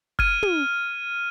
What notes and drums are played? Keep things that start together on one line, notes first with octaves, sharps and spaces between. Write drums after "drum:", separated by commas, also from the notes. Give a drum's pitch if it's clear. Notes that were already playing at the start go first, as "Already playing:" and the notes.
F6 G#6 D#7, drum: kick F#1
drum: tom